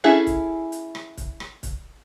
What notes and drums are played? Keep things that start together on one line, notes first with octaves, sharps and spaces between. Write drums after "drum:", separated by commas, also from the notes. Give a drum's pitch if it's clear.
C#4 E4 G#4 A4 E5
drum: kick, hi-hat
drum: hi-hat
drum: rim click
drum: kick, hi-hat
drum: rim click
drum: kick, hi-hat